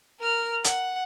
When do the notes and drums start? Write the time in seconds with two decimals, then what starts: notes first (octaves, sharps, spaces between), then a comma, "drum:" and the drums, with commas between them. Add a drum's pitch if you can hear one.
0.20 A#4 F6
0.64 F#5, drum: hi-hat